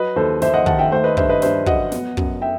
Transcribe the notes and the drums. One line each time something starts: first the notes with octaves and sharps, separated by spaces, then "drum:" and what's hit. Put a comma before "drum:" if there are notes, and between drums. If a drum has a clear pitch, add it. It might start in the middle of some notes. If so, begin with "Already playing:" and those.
Already playing: F#3 B4 D#5
D#2 A4 C5
D#2 C5 E5, drum: snare
D#5 F#5
D#3 F#5 A5, drum: kick
E5 G5
A3 C5 E5
B4 D#5
G2 C5 E5, drum: kick
B4 D#5
G2 C5 E5, drum: snare
F#3 D#5 F#5, drum: kick
B3, drum: snare
F#2, drum: kick
E5 G5